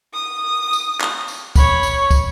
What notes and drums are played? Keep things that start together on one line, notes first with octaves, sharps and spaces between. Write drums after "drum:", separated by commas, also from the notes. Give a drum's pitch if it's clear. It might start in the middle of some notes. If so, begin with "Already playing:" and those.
D#6
drum: tambourine
drum: clap
drum: tambourine
C#5 B5, drum: kick, tambourine
drum: tambourine
drum: kick, tambourine